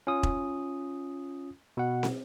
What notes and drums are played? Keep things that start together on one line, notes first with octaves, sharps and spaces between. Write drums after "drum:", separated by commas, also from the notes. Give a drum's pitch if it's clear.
C#4 F4 D#6
drum: kick E1
B2 F#5
drum: snare